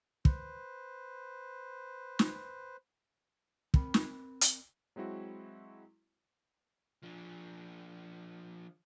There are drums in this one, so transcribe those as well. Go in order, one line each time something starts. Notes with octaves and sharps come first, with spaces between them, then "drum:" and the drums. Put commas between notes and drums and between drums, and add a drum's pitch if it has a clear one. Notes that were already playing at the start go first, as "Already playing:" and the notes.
B4 C5, drum: kick
drum: snare
C4 A#4 B5, drum: kick
drum: snare
drum: hi-hat
F#3 G#3 C4 E4 F#4
F3 D4